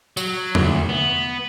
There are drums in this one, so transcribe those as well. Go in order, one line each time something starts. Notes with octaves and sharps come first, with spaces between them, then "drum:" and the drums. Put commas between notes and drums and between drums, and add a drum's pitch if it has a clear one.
F#3, drum: tambourine
D2, drum: tom
B3